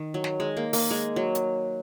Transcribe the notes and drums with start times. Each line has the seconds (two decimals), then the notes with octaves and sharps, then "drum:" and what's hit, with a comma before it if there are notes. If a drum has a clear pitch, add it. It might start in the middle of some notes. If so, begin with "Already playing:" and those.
Already playing: D#3
0.14 F#3
0.24 drum: snare
0.40 G#3
0.57 A#3
0.73 A#3, drum: open hi-hat
0.91 G#3
1.16 F#3
1.35 drum: hi-hat